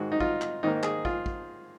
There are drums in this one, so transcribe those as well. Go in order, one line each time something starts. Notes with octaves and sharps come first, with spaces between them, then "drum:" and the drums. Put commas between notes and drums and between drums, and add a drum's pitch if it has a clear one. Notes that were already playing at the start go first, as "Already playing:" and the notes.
Already playing: G#2 D#3 G#3 F#4
D#4
F4, drum: kick
drum: clap
G#2 D#3 A#3 D#4
G#4, drum: clap
F4, drum: kick
drum: kick